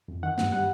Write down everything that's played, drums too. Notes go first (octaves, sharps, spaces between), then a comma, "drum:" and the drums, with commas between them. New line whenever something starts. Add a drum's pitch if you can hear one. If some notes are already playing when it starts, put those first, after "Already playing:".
F2
D#3 F#5
G2, drum: snare
G3 F#5